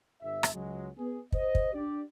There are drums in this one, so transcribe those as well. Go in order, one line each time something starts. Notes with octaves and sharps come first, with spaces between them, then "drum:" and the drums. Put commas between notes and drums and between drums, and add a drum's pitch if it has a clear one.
G1 E5
drum: rim click
C#2 F#3 G#3
B3 G#4
C5 D#5, drum: kick
drum: kick
D4 G4 D5